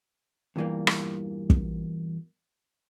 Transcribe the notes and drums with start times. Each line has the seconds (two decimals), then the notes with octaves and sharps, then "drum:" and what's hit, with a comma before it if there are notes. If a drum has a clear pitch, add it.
0.56 E2 G2 A#2 E3 G3 A#3
0.87 drum: rim click
1.50 drum: kick